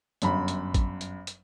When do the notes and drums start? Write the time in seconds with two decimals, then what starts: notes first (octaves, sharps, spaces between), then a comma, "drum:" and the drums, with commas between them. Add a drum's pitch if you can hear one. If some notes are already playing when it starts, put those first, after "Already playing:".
0.22 G1 F#2 B5, drum: hi-hat
0.48 drum: hi-hat
0.74 drum: kick A1, hi-hat
1.01 drum: hi-hat
1.27 drum: hi-hat